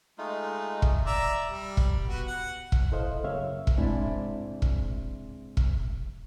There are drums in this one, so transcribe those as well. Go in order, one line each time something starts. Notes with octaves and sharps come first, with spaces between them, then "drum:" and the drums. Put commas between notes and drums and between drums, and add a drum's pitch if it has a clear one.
G#3 A3 D#4 F4
drum: kick
D5 E5 A#5
G3
drum: kick
B3 F#4
F#5
drum: kick
E4 A4 C5 D#5 F5
F#2 C#3 A#3 C#5 E5 F5
drum: kick
G#2 C3 D4 E4
drum: kick
drum: kick